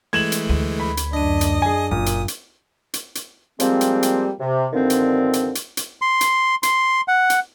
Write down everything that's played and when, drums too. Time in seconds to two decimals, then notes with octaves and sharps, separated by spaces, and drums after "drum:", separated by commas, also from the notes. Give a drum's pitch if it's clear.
0.13 E3 G#3 A3 G#6 E7 F#7
0.32 drum: hi-hat
0.49 D2
0.80 B5
0.97 drum: hi-hat
1.13 F#2 D4 D#5 D#6
1.41 drum: hi-hat
1.62 G#4 G#5
1.91 F#1 F#2 A#2 D#6
2.06 drum: hi-hat
2.28 drum: hi-hat
2.94 drum: hi-hat
3.15 drum: hi-hat
3.60 F3 G3 G#3 A#3 C4, drum: hi-hat
3.81 drum: hi-hat
4.03 drum: hi-hat
4.39 C3
4.73 G2 D3 D#3 F3 C4
4.90 drum: hi-hat
5.33 drum: hi-hat
5.55 drum: hi-hat
5.77 drum: hi-hat
6.02 C6
6.21 drum: hi-hat
6.63 C6, drum: hi-hat
7.08 F#5
7.30 drum: hi-hat